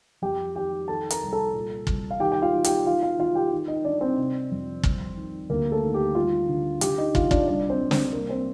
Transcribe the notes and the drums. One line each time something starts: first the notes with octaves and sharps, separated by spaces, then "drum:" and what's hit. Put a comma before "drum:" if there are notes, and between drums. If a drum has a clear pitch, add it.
F2 G4 G5
D#3 G4 G5
D#3 A4 A5
A#4 A#5, drum: hi-hat
C2
A4 A5
A#2
C2, drum: kick
F5
D#3 G4 G5
G5
F4 F5
D#3
G4 G5, drum: hi-hat
D#3 F4 F5
F4 F5
D#3 F4 F5
G4 G5
D#3
D#4 D#5
D#3 D4 D5
C4 C5
C3
F2
C2, drum: kick
D#3
D2 A#3 A#4
A3 A4
D#3
G4
G2 F4
D3
D3 G4, drum: hi-hat
D#4 D#5
D3 F4 F5, drum: kick
D4 D5, drum: kick
C2 D4 D5
C4 C5
C2
C4 C5, drum: snare
C2 A#3 A#4
C4 C5